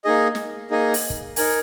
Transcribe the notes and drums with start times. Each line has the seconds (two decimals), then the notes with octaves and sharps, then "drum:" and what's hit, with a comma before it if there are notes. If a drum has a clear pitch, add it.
0.05 A#3 D#4 G#4 D#5
0.35 drum: snare
0.71 A#3 D#4 G#4 D#5
0.94 drum: open hi-hat
1.10 drum: kick
1.36 D#4 A#4 G#5, drum: open hi-hat